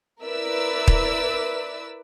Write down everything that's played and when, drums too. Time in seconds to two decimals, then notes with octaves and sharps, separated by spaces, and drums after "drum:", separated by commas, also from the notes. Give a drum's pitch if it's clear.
0.23 E4 A#4 B4 D5 E6
0.88 drum: kick